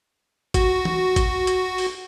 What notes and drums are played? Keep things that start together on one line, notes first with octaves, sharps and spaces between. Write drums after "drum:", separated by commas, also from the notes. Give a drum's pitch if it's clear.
F#4, drum: kick G#1, hi-hat
drum: tom E3
drum: kick G#1, hi-hat
drum: hi-hat
drum: open hi-hat